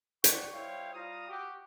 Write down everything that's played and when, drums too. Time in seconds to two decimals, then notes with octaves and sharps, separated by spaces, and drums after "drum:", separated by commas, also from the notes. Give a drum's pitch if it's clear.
0.24 D5 F#5 G5 C#6, drum: hi-hat
0.54 G3 E4 C5 C#5 F5 G5
0.93 G3 F4 F5 A#5 D#6
1.29 F#4 G4